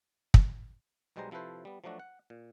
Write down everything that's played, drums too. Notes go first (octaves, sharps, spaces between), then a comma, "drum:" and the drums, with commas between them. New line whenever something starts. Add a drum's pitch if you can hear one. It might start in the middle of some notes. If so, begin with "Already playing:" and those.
drum: kick
B1 B2 G3 G#3 C5 A#5
C3 F3 E4 A4 B4 C5
G3 B3
F3 F#3 A3 D4 F#4
F#5
A#2